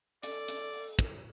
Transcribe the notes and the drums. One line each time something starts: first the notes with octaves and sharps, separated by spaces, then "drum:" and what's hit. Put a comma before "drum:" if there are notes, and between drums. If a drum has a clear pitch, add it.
A4 D5, drum: hi-hat
drum: hi-hat
drum: open hi-hat
drum: kick, hi-hat